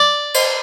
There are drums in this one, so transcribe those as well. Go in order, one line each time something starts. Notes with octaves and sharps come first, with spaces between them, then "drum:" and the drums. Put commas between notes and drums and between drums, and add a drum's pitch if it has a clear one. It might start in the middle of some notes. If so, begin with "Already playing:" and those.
Already playing: D5
drum: cymbal